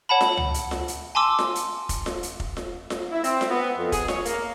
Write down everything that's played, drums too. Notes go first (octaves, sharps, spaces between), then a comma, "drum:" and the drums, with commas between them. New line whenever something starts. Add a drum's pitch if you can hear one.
C#5 F#5 A5 B5
drum: snare F4
drum: tom
drum: hi-hat
drum: snare F4
drum: hi-hat
G#5 A5 C6 D6 E6
drum: snare F4
drum: hi-hat
drum: kick F1, hi-hat
drum: snare F4
drum: hi-hat
drum: kick F1
drum: snare F4
drum: snare F4
E4
C4, drum: hi-hat
drum: snare F4
B3
F2
G#4, drum: kick F1, hi-hat
C#5, drum: snare F4
A#3, drum: hi-hat